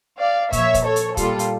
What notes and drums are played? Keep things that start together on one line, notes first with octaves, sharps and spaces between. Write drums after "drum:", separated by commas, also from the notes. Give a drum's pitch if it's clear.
D5 F5
A#2 F3 C#5 E5, drum: kick, hi-hat
drum: kick, hi-hat
A4 C#5
drum: hi-hat
A#2 G3 F4 A4, drum: kick, hi-hat
drum: hi-hat